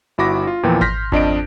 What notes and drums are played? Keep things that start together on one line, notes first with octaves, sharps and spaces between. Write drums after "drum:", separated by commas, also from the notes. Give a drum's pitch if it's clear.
G1 E4 F#4 B5 D6 A#6
F4
E2 A#2 E3 F3 G5
C6 F6 G6 A#6 B6, drum: kick G#1
F2 D4 D#5 D7, drum: kick G#1